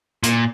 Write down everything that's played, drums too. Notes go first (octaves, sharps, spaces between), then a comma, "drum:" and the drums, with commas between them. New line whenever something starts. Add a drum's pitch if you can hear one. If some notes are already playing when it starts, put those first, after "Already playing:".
A#2, drum: hi-hat